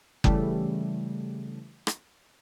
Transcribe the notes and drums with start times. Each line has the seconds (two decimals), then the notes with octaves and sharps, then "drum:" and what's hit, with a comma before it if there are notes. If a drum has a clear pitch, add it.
0.24 C#3 E3 G3 A3, drum: kick F#1
1.87 drum: rim click